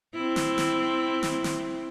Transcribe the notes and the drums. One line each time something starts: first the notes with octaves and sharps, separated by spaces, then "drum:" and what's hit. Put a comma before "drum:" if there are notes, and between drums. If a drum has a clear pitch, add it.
C4 E4
drum: snare
drum: snare
drum: snare
drum: snare